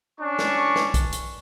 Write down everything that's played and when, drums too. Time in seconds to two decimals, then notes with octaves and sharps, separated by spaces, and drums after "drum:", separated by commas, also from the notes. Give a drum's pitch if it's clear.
0.20 C#4 D4 C#6
0.39 drum: snare
0.76 drum: snare
0.94 drum: kick B1, hi-hat
1.12 drum: hi-hat